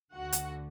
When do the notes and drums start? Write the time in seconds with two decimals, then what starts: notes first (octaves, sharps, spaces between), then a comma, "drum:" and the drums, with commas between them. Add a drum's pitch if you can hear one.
0.15 D2 D3 F#4 F#5
0.32 drum: hi-hat